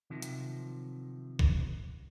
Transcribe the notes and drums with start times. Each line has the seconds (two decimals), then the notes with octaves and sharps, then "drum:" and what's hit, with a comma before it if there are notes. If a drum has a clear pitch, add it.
0.10 C3 D#3 F3 F#3
0.22 drum: hi-hat
1.39 drum: kick A#1